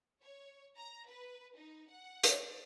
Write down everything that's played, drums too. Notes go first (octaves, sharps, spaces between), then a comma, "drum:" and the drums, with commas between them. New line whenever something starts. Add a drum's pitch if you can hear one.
C#5
A#5
B4
D#4
F#5
drum: hi-hat
D5